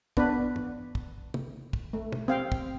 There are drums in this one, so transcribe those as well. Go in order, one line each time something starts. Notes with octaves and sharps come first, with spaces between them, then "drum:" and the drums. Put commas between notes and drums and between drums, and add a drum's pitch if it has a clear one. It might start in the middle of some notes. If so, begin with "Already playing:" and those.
B3 D4 B4, drum: kick
drum: tom
drum: kick
drum: tom
drum: kick
A3
drum: tom
C4 F5 G5
drum: kick